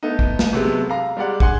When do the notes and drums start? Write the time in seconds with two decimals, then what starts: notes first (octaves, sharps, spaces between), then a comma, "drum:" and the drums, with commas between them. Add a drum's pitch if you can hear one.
0.03 A3 B3 D#4
0.19 drum: kick
0.39 drum: snare
0.53 C3 F#3 G#3 A3 B3
0.89 F5 A#5
1.17 G3 G#3 D5 F#5
1.40 G#4 F#5 C6, drum: kick